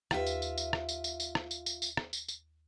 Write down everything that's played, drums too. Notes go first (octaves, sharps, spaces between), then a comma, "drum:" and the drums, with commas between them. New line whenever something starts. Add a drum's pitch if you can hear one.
D#2 F4 G4 B4 E5, drum: rim click
drum: tambourine
drum: tambourine
drum: tambourine
drum: rim click
drum: tambourine
drum: tambourine
drum: tambourine
drum: rim click
drum: tambourine
drum: tambourine
drum: tambourine
drum: rim click
drum: tambourine
drum: tambourine